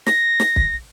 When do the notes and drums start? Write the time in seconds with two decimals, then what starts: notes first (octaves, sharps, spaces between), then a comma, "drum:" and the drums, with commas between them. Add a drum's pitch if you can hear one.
0.06 A#6, drum: snare
0.40 drum: snare
0.56 drum: kick